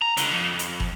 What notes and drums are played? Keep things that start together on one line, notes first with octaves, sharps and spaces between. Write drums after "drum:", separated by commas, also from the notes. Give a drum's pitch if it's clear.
A#5
C#2 D3, drum: hi-hat
F2
drum: hi-hat
drum: kick